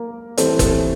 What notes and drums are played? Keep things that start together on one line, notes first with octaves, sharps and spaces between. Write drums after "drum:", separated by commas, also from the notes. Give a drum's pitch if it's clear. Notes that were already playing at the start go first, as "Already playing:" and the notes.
Already playing: A#3 A#4
E3 G3 A3 C4 A4, drum: hi-hat
A3 A4, drum: kick F#1, hi-hat